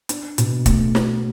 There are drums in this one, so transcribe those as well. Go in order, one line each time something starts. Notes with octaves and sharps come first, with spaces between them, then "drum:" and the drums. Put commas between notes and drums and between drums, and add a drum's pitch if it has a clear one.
D4, drum: hi-hat
B2, drum: hi-hat
A3, drum: kick, hi-hat
F#4, drum: snare